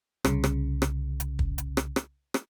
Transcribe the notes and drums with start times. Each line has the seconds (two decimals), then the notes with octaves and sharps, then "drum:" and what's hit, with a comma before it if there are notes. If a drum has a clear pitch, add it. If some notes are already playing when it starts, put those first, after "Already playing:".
0.25 C2 C#3, drum: rim click
0.44 drum: rim click
0.82 drum: rim click
1.20 drum: hi-hat
1.39 drum: kick
1.58 drum: hi-hat
1.77 drum: rim click
1.96 drum: rim click
2.34 drum: rim click